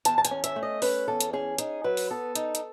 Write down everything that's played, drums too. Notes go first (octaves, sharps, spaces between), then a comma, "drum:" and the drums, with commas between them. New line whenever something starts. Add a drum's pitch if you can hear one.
E2 A5, drum: hi-hat
A5
G#5, drum: hi-hat
C#4
E5, drum: hi-hat
A3
D#5
C#4 B4, drum: open hi-hat
E2 A4
drum: hi-hat
C#4 G#4
D#4 G#4, drum: hi-hat
F#3 B4
drum: open hi-hat
B3 A4
D#4, drum: hi-hat
drum: hi-hat